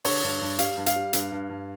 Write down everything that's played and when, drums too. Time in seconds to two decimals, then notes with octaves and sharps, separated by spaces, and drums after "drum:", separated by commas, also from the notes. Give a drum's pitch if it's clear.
0.04 D3 C#5, drum: open hi-hat
0.23 G2
0.41 G2
0.59 G3 F5, drum: hi-hat
0.77 G2
0.86 F5, drum: hi-hat
0.96 G3
1.13 G2, drum: hi-hat
1.32 G2
1.49 G2